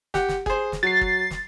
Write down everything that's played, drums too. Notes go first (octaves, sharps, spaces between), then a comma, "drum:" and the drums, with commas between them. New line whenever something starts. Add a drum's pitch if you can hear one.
G4 F#5, drum: snare
drum: snare
G#4 C5, drum: kick
drum: snare
F#3 A6 C7
drum: kick
drum: snare